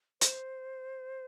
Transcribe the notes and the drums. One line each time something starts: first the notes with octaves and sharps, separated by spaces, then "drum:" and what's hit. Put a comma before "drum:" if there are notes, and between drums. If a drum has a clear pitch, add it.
C5, drum: hi-hat